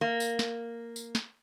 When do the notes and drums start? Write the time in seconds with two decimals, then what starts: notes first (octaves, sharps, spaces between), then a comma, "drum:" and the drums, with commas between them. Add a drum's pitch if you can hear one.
0.01 A#3
0.20 drum: tambourine
0.39 drum: snare
0.96 drum: tambourine
1.15 drum: snare